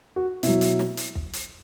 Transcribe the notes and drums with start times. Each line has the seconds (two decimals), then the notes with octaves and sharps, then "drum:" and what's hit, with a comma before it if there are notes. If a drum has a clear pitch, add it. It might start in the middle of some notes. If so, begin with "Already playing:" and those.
0.16 F#4
0.43 B2 F#3 E4, drum: hi-hat
0.61 drum: hi-hat
0.79 drum: snare
0.97 drum: hi-hat
1.15 drum: kick
1.33 drum: hi-hat